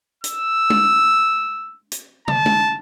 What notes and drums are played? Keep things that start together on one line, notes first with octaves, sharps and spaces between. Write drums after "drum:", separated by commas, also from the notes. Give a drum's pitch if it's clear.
E6, drum: hi-hat
drum: tom G#3
drum: hi-hat
A5, drum: tom
drum: tom G#3